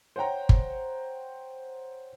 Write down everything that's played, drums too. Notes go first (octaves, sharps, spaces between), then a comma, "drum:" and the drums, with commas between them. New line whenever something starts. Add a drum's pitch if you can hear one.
C5 C#5 F#5 G5 A#5
drum: kick G1